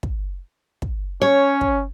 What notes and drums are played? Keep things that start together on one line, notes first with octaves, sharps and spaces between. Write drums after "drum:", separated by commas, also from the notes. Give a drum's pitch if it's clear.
drum: kick
drum: kick
C#4 C#5
drum: kick